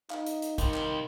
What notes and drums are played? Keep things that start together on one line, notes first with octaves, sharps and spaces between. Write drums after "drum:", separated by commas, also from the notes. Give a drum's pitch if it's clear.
D#4 F5, drum: clap
drum: hi-hat
drum: hi-hat
C3 D#3 G3, drum: kick, hi-hat
drum: clap